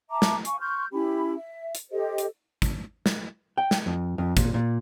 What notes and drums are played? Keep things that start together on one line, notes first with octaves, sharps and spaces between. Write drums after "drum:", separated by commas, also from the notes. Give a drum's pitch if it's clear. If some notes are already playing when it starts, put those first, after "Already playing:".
E5 A5 A#5 D6
drum: snare
F5 G#5 C#6, drum: hi-hat
C6 C#6 F6 G6
C#4 E4 G4 B5
E5
drum: hi-hat
G4 A4 C5 D#5
drum: hi-hat
drum: kick, hi-hat
drum: snare
G5
drum: snare
F2
F2
A#2, drum: kick, hi-hat
A#2